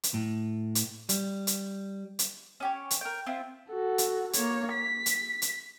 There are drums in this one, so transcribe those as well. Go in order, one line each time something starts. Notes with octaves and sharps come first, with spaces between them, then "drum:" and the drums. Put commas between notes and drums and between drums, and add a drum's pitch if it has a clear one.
drum: hi-hat
A2
drum: hi-hat
G3, drum: hi-hat
drum: hi-hat
drum: hi-hat
C#4 G4 C#5
drum: hi-hat
A#4 G5
C4 E4 F4
F#4 A4
drum: hi-hat
A#3 C#5, drum: hi-hat
B6
drum: hi-hat
drum: hi-hat